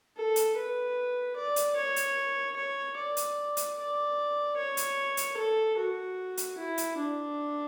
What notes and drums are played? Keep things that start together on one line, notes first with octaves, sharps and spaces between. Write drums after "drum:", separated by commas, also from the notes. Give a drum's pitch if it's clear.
A4
drum: hi-hat
B4
D5
drum: hi-hat
C#5
drum: hi-hat
C#5
D5
drum: hi-hat
drum: hi-hat
D5
C#5
drum: hi-hat
drum: hi-hat
A4
F#4
drum: hi-hat
E4
drum: hi-hat
D4